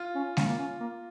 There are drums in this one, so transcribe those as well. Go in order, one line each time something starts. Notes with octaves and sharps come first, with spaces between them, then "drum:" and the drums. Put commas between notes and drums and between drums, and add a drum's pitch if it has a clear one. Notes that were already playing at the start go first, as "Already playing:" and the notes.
Already playing: F4
C#4
C#4 F4, drum: snare G#3
A#3
C#4
A#3